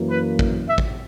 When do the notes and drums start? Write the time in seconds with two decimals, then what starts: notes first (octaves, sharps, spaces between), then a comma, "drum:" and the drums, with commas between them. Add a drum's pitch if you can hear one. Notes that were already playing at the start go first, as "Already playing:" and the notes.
Already playing: F#2 E3 A#3
0.10 B4
0.39 drum: kick
0.68 E5
0.78 drum: kick